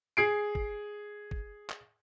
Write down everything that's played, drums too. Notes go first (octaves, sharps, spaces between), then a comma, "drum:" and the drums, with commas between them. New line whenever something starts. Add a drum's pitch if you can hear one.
G#4 C7 D7
drum: kick
drum: kick
drum: clap